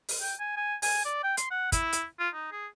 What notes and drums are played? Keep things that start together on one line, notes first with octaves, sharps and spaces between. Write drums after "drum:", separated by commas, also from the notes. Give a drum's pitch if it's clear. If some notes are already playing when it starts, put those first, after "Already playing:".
drum: open hi-hat
G5
G#5
G#5
G#5, drum: open hi-hat
D5
G5
C6, drum: hi-hat
F#5
E4, drum: kick, hi-hat
drum: hi-hat
F4
D#4
G#4